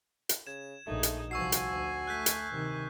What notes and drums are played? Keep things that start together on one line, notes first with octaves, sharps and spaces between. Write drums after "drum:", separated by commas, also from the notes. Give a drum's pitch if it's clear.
drum: hi-hat
C#3 G#6 E7
A#1 A3 D#4 G#4
drum: hi-hat
C2 F3 F#4 G#5 C#6 E6 C7
drum: hi-hat
D2
A3 F#6 G6 B6
drum: hi-hat
C3 D#3